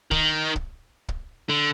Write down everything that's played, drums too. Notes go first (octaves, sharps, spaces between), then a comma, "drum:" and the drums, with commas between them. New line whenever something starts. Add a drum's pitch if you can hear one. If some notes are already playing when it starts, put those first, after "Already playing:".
D#3, drum: kick
drum: kick
drum: kick
D3